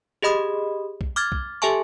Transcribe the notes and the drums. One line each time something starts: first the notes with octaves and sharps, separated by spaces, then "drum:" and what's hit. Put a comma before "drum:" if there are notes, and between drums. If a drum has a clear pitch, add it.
G4 G#4 D#5 B5 D#6
drum: kick B1
D6 F6 G#6 A6
drum: kick B1
G4 A4 E5 G#5 A5 C#6